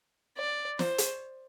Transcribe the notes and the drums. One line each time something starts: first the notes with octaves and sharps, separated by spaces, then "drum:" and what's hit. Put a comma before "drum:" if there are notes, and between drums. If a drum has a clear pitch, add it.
D5
C5, drum: snare
drum: hi-hat